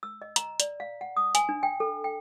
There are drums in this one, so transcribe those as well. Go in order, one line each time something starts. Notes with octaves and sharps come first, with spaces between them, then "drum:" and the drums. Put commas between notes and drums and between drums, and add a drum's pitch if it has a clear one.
E6
D#5
A#5, drum: hi-hat
D5, drum: hi-hat
F5
F#5
D#6
G#5, drum: hi-hat
D4
G5
A4
G5